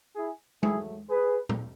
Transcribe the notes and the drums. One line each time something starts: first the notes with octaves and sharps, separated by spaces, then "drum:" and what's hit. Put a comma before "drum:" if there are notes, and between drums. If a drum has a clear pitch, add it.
E4 G#4
G#2 F#3 A3 E4 G#4, drum: tom G#3
G#4 B4
drum: tom A#2